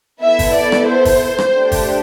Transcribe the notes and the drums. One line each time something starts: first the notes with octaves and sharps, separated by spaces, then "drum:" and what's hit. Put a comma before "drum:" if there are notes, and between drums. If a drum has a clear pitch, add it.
B3 E4 A4 E5
drum: kick, open hi-hat
D5
drum: rim click
C5
drum: kick, open hi-hat
drum: rim click
A3 D4 G4
drum: kick, open hi-hat